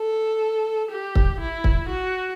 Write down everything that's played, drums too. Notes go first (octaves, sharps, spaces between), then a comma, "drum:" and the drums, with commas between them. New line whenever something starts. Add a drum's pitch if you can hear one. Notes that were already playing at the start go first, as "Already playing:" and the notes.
Already playing: A4
G4
drum: kick
E4
drum: kick
F#4